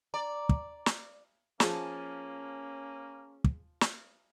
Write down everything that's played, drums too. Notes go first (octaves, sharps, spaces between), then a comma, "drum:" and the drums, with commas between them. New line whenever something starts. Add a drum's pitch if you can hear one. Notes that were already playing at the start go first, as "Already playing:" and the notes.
D5 A#5
drum: kick
drum: snare
F3 A#3 C#4 G#4 A5, drum: snare
drum: kick
drum: snare